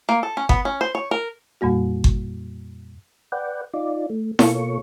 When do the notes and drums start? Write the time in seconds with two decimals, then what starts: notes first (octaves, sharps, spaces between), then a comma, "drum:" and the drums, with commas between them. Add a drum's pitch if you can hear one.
0.09 A#3
0.23 A4
0.37 C#4
0.49 B3, drum: kick G1
0.65 C#4
0.81 C5
0.95 C#5
1.11 A#4
1.61 F2 A#2 G3 A#3 F#4
2.04 drum: kick G1
3.32 B4 D5 F#5 G5
3.74 D#4 F4 D5
4.10 A3
4.39 B2 A#3 F4 A4 C#5 C#6, drum: snare E4